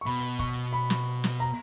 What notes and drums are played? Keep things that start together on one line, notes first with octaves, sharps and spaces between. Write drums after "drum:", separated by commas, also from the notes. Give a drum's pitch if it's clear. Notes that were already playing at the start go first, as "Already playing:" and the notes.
C#6
B2 B5
C#6, drum: kick
B5
drum: snare
drum: snare
A#5